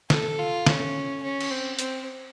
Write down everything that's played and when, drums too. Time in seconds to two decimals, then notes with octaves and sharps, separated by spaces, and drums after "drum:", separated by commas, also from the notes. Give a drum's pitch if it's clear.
0.10 A4, drum: snare
0.39 F4
0.66 C#4, drum: snare
1.23 C#4
1.41 drum: cymbal
1.51 C4
1.79 C4, drum: hi-hat